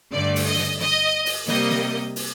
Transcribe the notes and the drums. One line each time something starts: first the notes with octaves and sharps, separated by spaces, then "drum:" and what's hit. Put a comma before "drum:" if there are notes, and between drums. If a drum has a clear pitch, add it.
G2 D3 A3 D5
drum: open hi-hat
D#5
drum: snare
D#5, drum: snare
drum: open hi-hat
C3 G3 A#3 D#5, drum: snare
drum: snare
drum: open hi-hat